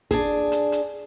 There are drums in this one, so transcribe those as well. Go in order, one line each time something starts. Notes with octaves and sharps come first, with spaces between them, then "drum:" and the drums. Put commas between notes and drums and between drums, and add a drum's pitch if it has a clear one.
D4 G#4, drum: kick, hi-hat
drum: hi-hat
drum: hi-hat